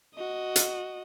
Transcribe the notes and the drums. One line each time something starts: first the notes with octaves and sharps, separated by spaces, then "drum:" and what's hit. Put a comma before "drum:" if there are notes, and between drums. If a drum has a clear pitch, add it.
F#4 D#5
drum: hi-hat